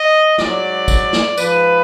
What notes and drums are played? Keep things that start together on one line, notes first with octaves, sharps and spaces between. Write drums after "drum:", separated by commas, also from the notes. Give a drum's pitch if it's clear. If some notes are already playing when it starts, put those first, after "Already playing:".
Already playing: D#5
G#2 F#3 D5, drum: snare
drum: kick, tambourine
drum: snare
G#2 F3 B4, drum: tambourine